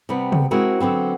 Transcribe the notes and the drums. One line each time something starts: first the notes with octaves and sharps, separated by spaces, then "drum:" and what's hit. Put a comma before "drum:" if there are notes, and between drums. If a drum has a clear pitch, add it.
C3 G3 B3
drum: tom C3
G#3 C4 E4 F#4 G#4 A#4
D3 F#3 B3 C4